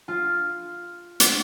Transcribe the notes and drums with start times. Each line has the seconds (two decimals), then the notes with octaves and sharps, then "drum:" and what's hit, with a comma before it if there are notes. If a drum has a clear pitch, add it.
0.08 F4
1.20 drum: hi-hat